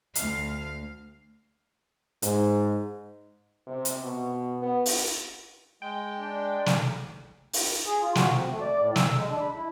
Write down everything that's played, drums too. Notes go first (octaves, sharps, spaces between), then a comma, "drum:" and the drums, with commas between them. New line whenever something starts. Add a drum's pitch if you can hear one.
D2 F5, drum: hi-hat
G#2, drum: hi-hat
C3
drum: hi-hat
B2
B3
drum: open hi-hat
G#3 G5
D4
drum: snare
drum: open hi-hat
G#4
F4
F#4, drum: snare
C4
A3
D5
A2
E6, drum: snare
G#3
D4
B5
E4